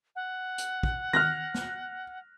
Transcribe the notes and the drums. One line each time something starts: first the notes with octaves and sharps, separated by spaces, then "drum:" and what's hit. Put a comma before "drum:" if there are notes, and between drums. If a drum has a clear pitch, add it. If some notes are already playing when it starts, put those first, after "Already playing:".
F#5
drum: hi-hat
drum: kick
F6 F#6 A#6, drum: tom
drum: snare